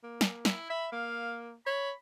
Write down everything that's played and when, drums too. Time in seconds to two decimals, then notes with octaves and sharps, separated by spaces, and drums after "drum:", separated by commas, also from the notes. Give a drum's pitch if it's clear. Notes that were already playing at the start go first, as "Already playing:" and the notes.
0.03 A#3
0.21 drum: snare
0.45 E4, drum: snare
0.70 E5 B5
0.92 A#3 F5
1.66 C#5 B5